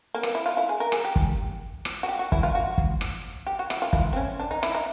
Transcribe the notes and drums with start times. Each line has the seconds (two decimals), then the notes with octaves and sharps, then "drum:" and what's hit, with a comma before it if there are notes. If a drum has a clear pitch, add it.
0.15 A#3
0.23 B3, drum: rim click
0.35 E4
0.46 F4
0.57 E4
0.69 G#4
0.80 A#4
0.92 G#4, drum: rim click
1.05 G4
1.16 drum: kick
1.85 drum: rim click
2.03 F#4
2.08 G4
2.19 F#4
2.32 E4, drum: kick
2.43 F4
2.55 F#4
2.78 drum: kick
3.01 drum: rim click
3.47 G4
3.59 F#4
3.70 E4, drum: rim click
3.82 F4
3.93 E4, drum: kick
4.13 C4
4.16 C#4
4.40 D4
4.51 D#4
4.63 E4, drum: rim click
4.75 D#4